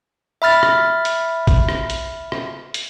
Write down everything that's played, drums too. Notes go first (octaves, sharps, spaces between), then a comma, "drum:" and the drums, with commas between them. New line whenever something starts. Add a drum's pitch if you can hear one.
E5 B5 F6 A6
drum: rim click
drum: hi-hat
drum: kick, hi-hat
drum: rim click
drum: hi-hat
drum: rim click
drum: hi-hat